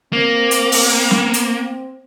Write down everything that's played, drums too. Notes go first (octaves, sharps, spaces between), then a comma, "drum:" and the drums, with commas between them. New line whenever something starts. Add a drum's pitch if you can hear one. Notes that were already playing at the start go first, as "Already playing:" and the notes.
A#3 C4
drum: hi-hat
drum: open hi-hat
drum: snare
drum: hi-hat